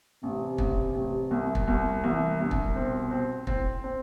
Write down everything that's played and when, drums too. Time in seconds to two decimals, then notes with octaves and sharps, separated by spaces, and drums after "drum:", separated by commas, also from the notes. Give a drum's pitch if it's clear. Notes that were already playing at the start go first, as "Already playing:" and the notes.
0.23 A1 C3
0.58 A1, drum: kick
0.94 A1
1.31 C2
1.55 drum: kick
1.68 C2
2.03 C2 E3
2.39 C2 D3
2.51 drum: kick
2.75 B2 C4
3.11 C4
3.47 A2 C4, drum: kick
3.84 C4